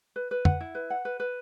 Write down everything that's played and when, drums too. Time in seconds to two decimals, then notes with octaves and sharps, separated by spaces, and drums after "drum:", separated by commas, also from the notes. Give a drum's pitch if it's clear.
0.16 B4
0.31 B4
0.45 F#5, drum: tom F2
0.60 E4
0.75 B4
0.90 F#5
1.05 B4
1.20 B4